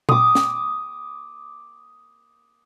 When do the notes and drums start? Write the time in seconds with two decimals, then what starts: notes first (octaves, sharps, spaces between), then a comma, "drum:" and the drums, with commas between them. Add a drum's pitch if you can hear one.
0.09 D6 D#6, drum: tom A#2
0.35 drum: snare